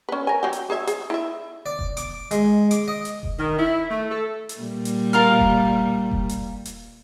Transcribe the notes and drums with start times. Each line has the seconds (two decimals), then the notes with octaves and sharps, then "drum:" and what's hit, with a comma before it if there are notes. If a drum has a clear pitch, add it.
0.09 C#4 B4
0.27 A#4 G#5
0.43 F#3 G4
0.53 drum: hi-hat
0.70 G#4 C#5 E5
0.87 G#4, drum: hi-hat
1.10 E4 E5
1.66 D5
1.79 drum: kick E1
1.97 D6, drum: hi-hat
2.31 G#3, drum: hi-hat
2.71 D6, drum: hi-hat
2.88 D#5
3.05 drum: hi-hat
3.23 drum: kick E1
3.38 D#3
3.59 E4
3.91 A3
4.09 A4
4.49 drum: hi-hat
4.61 A#2 G3
4.85 drum: hi-hat
5.13 F4 A#4 F5
5.39 drum: kick E1
6.11 drum: kick E1
6.29 drum: hi-hat
6.65 drum: hi-hat